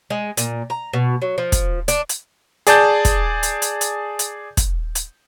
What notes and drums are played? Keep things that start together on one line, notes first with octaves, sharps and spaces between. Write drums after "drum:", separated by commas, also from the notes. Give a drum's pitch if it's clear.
G#3
A#2, drum: hi-hat
A#5
B2
F#3
F3
drum: kick, hi-hat
D4, drum: hi-hat
drum: hi-hat
G#4 D5 A5 G6, drum: hi-hat
drum: kick, hi-hat
drum: hi-hat
drum: hi-hat
drum: hi-hat
drum: hi-hat
drum: kick, hi-hat
drum: hi-hat